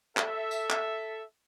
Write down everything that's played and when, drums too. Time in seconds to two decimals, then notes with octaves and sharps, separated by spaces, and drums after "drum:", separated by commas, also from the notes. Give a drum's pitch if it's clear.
0.17 A4 E5, drum: clap
0.51 drum: tambourine
0.70 drum: clap